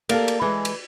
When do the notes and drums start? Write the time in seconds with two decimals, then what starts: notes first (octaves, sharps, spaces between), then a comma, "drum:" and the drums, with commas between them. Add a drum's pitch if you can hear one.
0.09 A#3 G4 A4 A#4 D5 F5, drum: cymbal
0.28 drum: cymbal
0.42 E3 G#3 G#4 B4
0.65 drum: cymbal